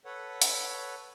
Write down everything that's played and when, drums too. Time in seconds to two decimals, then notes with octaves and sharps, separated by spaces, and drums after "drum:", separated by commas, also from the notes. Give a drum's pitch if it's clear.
0.05 A4 B4 C#5 F#5
0.42 drum: hi-hat